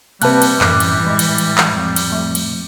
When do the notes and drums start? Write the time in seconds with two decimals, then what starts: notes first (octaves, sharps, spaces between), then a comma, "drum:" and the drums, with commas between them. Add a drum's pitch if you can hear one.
0.22 C3 G3 A#3 B4 A5 F#6, drum: cymbal
0.42 drum: cymbal
0.61 F#2 A2 E3 D6 F#6, drum: clap
0.80 drum: cymbal
1.07 G#3
1.19 drum: cymbal
1.38 drum: cymbal
1.58 drum: clap
1.73 F2
1.96 drum: cymbal
2.12 A3
2.35 drum: cymbal